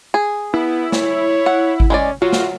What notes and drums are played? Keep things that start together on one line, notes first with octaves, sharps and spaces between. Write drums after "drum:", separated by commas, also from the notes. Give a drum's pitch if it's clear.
G#4
B3 E4
C#5, drum: snare
F#5
drum: kick G#1
G#3 C#4 B4 D5
F#3 F4 F#4
drum: snare